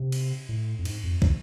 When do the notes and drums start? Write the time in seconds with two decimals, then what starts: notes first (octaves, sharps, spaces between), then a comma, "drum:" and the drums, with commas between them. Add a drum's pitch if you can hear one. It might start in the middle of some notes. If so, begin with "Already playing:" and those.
Already playing: C3
0.12 drum: cymbal
0.49 A2
0.79 F2
0.85 G#2, drum: cymbal
1.04 F2
1.22 drum: kick